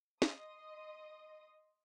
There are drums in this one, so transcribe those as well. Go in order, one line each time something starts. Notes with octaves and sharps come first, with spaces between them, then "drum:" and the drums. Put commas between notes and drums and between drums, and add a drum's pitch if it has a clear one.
D#5 C6 D#6, drum: snare